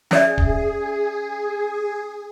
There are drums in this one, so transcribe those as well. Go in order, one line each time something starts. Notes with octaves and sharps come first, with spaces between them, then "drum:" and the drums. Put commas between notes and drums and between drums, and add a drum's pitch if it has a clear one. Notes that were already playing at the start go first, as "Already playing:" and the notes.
C#4 G#4 D5 E5, drum: snare
drum: kick